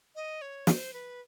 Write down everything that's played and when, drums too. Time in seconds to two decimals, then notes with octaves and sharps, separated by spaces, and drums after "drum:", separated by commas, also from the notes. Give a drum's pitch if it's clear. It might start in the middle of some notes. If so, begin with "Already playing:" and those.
0.15 D#5
0.42 C#5
0.67 C5, drum: snare
0.93 B4